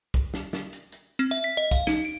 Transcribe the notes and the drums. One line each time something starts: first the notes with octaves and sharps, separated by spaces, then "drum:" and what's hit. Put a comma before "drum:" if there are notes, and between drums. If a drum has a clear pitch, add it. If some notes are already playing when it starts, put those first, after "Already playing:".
drum: kick B1, hi-hat
drum: snare
drum: snare
drum: hi-hat
drum: hi-hat
C4
E5, drum: hi-hat
B6
D#5
F5, drum: kick B1, hi-hat
D#4, drum: snare
D7